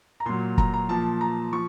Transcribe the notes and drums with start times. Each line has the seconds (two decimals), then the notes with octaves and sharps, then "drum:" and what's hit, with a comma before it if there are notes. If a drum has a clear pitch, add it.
0.20 A#5
0.25 A#2 F#3 C6
0.58 A#5, drum: kick
0.74 A#5
0.89 A#2 F3 A5
1.21 A#5
1.52 F3 C#6